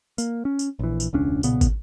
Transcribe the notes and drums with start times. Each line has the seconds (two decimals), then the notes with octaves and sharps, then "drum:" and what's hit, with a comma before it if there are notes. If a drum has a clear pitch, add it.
0.18 A#3, drum: tambourine
0.45 C#4
0.59 drum: tambourine
0.79 A#1 E3
1.00 drum: tambourine
1.13 E1 C#2 C#4 D4
1.43 B1 A#2 C#3 B3, drum: tambourine
1.61 drum: kick, tambourine